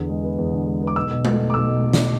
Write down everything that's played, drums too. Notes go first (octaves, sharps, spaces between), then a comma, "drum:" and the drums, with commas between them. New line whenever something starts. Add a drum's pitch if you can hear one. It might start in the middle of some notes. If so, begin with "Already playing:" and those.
Already playing: E2 D3
G#3
B3
E2
D3
G#3
B3
D6
B1 E6
B2
A3, drum: tom G#3
B1
D6
B1 E6
B2
A3
drum: snare